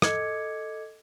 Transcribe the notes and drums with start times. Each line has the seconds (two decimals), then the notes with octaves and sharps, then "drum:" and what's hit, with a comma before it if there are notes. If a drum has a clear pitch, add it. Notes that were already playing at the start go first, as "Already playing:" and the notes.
0.02 A4 D#5 D6 G#6 C#7, drum: rim click